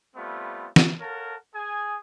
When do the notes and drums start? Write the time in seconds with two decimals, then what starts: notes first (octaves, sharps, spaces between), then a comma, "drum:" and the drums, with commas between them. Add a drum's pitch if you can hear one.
0.16 G3 A3 B3 C4 F4
0.76 drum: snare
1.00 A4 A#4 C#5 F5 F#5 A5
1.54 G#4 G#5 D#6